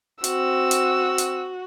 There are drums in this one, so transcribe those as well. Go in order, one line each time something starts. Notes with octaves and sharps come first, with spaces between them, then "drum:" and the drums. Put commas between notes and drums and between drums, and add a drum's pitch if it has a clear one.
C4 F#4 E6, drum: hi-hat
drum: hi-hat
drum: hi-hat